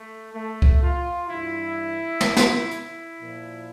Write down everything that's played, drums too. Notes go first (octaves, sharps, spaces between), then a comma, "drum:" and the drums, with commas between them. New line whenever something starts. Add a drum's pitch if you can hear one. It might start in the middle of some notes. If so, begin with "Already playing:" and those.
Already playing: A3
A3
drum: kick C#2
F4
G2 E3 E4
drum: snare
drum: snare
E4, drum: hi-hat
A#2 F3